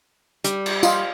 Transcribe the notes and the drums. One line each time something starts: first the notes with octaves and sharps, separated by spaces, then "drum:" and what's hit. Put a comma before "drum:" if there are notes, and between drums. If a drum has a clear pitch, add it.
G3, drum: hi-hat
drum: cymbal
F4 D#5, drum: tambourine